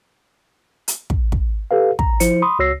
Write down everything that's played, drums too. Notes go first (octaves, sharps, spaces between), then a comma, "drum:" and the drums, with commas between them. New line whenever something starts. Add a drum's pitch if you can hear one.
drum: hi-hat
drum: kick
drum: kick
G4 A4 B4 F5
A#5, drum: kick
F3 E4 C5 C#7, drum: hi-hat
B5 C6 D#6
C#2 F#4 C#5 E6 A#6 C7